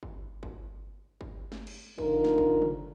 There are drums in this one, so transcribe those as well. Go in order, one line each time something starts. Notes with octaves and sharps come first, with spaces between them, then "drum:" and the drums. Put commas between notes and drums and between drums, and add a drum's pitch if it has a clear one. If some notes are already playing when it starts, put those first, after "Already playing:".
drum: kick G1
drum: kick G1
drum: kick G1
drum: snare
drum: cymbal
D3 F3 D#4 F4 A#4, drum: kick G1
drum: snare
drum: kick G1
drum: tom C3